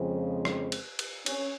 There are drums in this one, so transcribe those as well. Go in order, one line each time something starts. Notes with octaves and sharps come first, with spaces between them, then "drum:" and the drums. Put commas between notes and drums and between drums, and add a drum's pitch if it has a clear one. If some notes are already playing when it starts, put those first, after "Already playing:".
Already playing: F2 C#3 F3 G#3 C4
drum: rim click
drum: cymbal
drum: cymbal
C#4, drum: cymbal